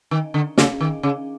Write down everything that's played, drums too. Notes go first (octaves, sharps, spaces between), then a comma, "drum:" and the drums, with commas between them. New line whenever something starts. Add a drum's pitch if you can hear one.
D#3
D3
C#3, drum: snare
D#3
C#3